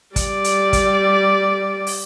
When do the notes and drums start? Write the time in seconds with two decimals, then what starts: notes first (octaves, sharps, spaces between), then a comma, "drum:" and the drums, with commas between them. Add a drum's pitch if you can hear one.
0.16 G3 D5, drum: kick, hi-hat
0.44 drum: hi-hat
0.73 drum: kick, hi-hat
1.87 drum: open hi-hat